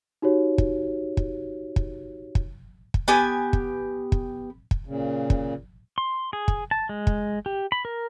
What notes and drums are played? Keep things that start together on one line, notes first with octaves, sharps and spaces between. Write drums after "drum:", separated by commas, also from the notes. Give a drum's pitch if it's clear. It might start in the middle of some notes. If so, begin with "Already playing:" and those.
D#4 F#4 G4 C#5
drum: kick
drum: kick
drum: kick
drum: kick
drum: kick
B3 G4 G#5
drum: kick
drum: kick
drum: kick
A#2 C#3
drum: kick
C6
G#4
drum: kick
A5
G#3
drum: kick
G4
B5
A#4